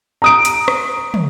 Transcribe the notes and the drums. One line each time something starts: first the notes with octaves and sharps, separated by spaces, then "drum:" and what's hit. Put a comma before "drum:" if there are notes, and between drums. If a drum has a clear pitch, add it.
A#5 D#6 D7
drum: hi-hat
drum: rim click
drum: tom